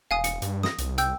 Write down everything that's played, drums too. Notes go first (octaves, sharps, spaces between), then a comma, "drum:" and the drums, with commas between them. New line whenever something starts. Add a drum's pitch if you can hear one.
E1 F5 G#5 D#6
C#7, drum: hi-hat
G2, drum: hi-hat
D#6 A#6, drum: snare
C2, drum: hi-hat
G5 E6 G6, drum: hi-hat